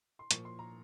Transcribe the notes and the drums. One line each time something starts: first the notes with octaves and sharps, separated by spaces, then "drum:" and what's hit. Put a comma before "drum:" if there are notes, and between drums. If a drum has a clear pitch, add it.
C6
A#2 F3 C#6, drum: hi-hat
C6
A#5